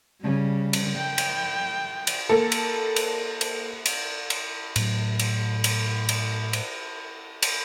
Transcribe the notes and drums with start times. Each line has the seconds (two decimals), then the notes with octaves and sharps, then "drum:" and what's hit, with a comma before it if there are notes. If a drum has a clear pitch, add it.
0.21 C#3 G3
0.73 drum: cymbal
0.97 G5
1.18 drum: cymbal
2.07 drum: cymbal
2.29 A#3 A4
2.52 drum: cymbal
2.96 drum: cymbal
3.41 drum: cymbal
3.86 drum: cymbal
4.30 drum: cymbal
4.76 A2 F#3, drum: cymbal
5.19 drum: cymbal
5.64 drum: cymbal
6.09 drum: cymbal
6.53 drum: cymbal
7.42 drum: cymbal